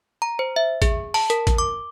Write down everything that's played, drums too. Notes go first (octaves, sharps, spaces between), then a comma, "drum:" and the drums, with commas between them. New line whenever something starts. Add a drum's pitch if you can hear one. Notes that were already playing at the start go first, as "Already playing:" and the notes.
A#5
C5
E5
G#4, drum: kick, hi-hat
A5, drum: open hi-hat
A#4, drum: hi-hat
drum: kick, hi-hat
D6